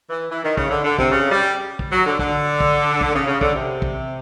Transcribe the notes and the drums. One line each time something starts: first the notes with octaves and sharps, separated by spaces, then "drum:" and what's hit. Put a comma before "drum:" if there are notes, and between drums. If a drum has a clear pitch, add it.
E3
E3
D#3
C#3, drum: kick
D3
D3
C3, drum: kick
C#3
G3
drum: kick
F#3
D3
D3, drum: kick
drum: kick
drum: kick
C#3
C#3
D3, drum: kick
C3
drum: kick